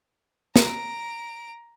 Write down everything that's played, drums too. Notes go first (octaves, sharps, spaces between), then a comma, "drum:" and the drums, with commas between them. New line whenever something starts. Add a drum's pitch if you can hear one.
A#5 D7, drum: snare